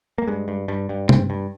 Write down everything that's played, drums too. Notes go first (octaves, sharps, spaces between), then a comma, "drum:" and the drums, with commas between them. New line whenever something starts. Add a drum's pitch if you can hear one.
A#3
G2 G#3
G2
G2
G2
G2 C4, drum: tom
G2